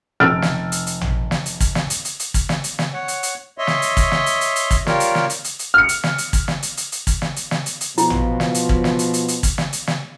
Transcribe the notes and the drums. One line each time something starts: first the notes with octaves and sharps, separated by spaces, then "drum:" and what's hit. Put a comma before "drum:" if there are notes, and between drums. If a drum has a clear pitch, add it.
F1 E6 F6 A6 D7
drum: snare
drum: hi-hat
drum: hi-hat
drum: tom A1
drum: snare
drum: hi-hat
drum: kick, hi-hat
drum: snare
drum: hi-hat
drum: hi-hat
drum: hi-hat
drum: kick, hi-hat
drum: snare
drum: hi-hat
drum: snare
C#5 F#5
drum: hi-hat
drum: hi-hat
C#5 D#5 E5 C6
drum: snare
drum: hi-hat
drum: kick, hi-hat
drum: snare
drum: hi-hat
drum: hi-hat
drum: hi-hat
drum: kick, hi-hat
G3 F4 G4 A#4 C#5 D5, drum: snare
drum: hi-hat
drum: snare
drum: hi-hat
drum: hi-hat
drum: hi-hat
F6 C#7
drum: hi-hat
drum: snare
drum: hi-hat
drum: kick, hi-hat
drum: snare
drum: hi-hat
drum: hi-hat
drum: hi-hat
drum: kick, hi-hat
drum: snare
drum: hi-hat
drum: snare
drum: hi-hat
drum: hi-hat
B2 F3 E4, drum: hi-hat
drum: tom A1
drum: snare
drum: hi-hat
drum: kick
drum: snare
drum: hi-hat
drum: hi-hat
drum: hi-hat
drum: kick, hi-hat
drum: snare
drum: hi-hat
drum: snare